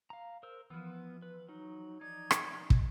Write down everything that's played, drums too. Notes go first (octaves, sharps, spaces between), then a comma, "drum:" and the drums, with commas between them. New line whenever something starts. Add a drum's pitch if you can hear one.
F5 A#5
A#4 C5 E6
E3 F3 B3
B4
F#3 D#4
D#4 D5 G#6
drum: rim click
drum: kick